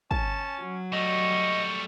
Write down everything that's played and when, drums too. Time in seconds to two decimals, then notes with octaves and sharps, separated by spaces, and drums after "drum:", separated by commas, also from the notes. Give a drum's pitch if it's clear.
0.11 C#4 A5, drum: kick
0.60 F#3
0.93 G3 A3 D#5 C#6